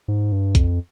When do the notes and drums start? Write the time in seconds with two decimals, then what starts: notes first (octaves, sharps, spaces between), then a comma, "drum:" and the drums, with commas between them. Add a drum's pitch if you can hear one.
0.08 G#2
0.32 G2
0.55 F2, drum: kick B1, hi-hat